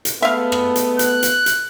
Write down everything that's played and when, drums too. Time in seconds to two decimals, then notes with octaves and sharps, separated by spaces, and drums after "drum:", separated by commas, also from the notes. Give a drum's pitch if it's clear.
0.05 drum: hi-hat
0.22 G#3 A3 B3 E5 F5
0.52 drum: rim click
0.76 drum: hi-hat
0.99 F#6, drum: hi-hat
1.23 drum: hi-hat
1.46 drum: hi-hat